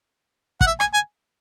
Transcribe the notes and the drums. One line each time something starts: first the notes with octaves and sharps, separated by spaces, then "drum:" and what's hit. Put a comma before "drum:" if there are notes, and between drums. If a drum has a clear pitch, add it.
F#5, drum: kick
E5
G#5, drum: rim click
G#5